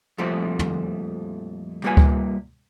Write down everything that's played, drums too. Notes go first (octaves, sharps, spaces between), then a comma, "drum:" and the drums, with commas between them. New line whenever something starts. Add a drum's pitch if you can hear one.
F2 A#2 F3 G3 A3 C4
drum: tom
G3 A#3 F4 B4 G#5
drum: kick C#2